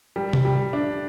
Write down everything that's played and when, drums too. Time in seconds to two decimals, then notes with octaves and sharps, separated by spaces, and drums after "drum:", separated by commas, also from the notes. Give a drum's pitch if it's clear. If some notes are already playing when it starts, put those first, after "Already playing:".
0.16 G3
0.33 drum: tom C3
0.45 G3
0.73 D4